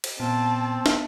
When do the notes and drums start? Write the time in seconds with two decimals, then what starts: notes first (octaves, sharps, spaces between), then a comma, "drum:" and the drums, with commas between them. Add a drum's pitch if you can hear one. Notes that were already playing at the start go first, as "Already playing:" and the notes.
0.04 drum: cymbal
0.20 A#2 B3 C4 A5
0.86 drum: snare